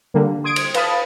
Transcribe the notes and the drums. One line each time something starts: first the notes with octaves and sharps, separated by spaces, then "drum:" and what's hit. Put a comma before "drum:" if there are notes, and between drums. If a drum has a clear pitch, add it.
D3 G3 A#3
C6 D#6 G#6 D7
drum: cymbal
B4 F5 A5 B5 D#6, drum: cymbal